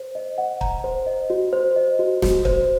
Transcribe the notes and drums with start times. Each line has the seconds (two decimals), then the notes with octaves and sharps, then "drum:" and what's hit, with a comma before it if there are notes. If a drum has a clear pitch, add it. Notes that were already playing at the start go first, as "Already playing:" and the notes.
Already playing: C5
0.15 D#5
0.38 F#5
0.61 A#5, drum: kick
0.84 C5
1.07 D#5
1.30 F#4
1.53 C5
1.76 D#5
1.99 F#4
2.22 F#4, drum: snare
2.45 C5, drum: kick